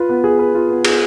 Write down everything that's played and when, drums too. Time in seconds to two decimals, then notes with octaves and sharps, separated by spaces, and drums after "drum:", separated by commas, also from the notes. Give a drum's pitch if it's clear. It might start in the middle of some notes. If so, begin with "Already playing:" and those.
Already playing: F4 B4
0.09 B3
0.24 G#4
0.39 B4
0.55 F4
0.70 B3
0.85 G#4, drum: cymbal